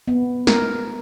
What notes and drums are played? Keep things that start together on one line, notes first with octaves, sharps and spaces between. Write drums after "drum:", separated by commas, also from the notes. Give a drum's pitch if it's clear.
B3
A#4, drum: snare